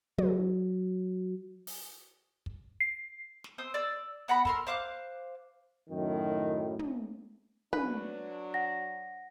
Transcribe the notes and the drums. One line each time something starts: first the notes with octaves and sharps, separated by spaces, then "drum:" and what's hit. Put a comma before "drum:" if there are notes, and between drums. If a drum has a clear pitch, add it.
F#3, drum: tom
drum: open hi-hat
drum: kick
C7
drum: snare
C4 C5 D#6
D5 E6
B3 F#5 A#5 B5
A4 A#4 C6, drum: kick
C5 F5 D6 F#6
F#2 A2 D#3
drum: tom
F#3 D4 B4, drum: tom
F#5 A#6